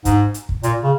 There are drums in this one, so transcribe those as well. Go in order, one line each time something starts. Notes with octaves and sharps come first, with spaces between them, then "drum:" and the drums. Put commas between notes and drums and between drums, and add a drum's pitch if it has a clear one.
G#2, drum: kick, hi-hat
drum: hi-hat
drum: kick
A#2, drum: hi-hat
C#3